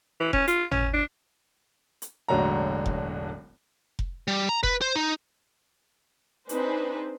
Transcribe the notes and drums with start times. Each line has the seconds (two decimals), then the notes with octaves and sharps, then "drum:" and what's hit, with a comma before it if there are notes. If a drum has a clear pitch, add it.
0.20 E3
0.33 C#4, drum: kick F1
0.47 F4, drum: hi-hat
0.71 C#4, drum: tom G#1
0.93 D4
2.02 drum: hi-hat
2.28 E1 A1 D3 F#3 F#4 A#5
2.86 drum: kick F1
3.99 drum: kick F1
4.28 G3
4.49 A#5
4.63 B4, drum: kick F1
4.81 C5
4.95 D#4
6.49 C4 D4 D#4 G#4 B4 C5, drum: hi-hat